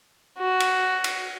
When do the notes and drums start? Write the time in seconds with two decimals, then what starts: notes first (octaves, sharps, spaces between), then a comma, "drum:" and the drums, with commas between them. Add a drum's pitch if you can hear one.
0.38 F#4
0.60 drum: cymbal
1.04 drum: cymbal